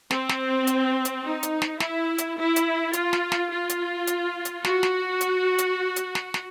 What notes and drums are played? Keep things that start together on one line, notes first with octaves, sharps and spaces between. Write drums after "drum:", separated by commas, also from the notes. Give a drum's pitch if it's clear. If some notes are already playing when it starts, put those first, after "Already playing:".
C4, drum: snare
drum: snare
drum: hi-hat
drum: hi-hat
D#4
drum: hi-hat
drum: snare
E4, drum: snare
drum: hi-hat
E4
drum: hi-hat
F4, drum: hi-hat
drum: snare
drum: snare
F4
drum: hi-hat
drum: hi-hat
drum: hi-hat
F#4, drum: snare
drum: snare
drum: hi-hat
drum: hi-hat
drum: hi-hat
drum: snare
drum: snare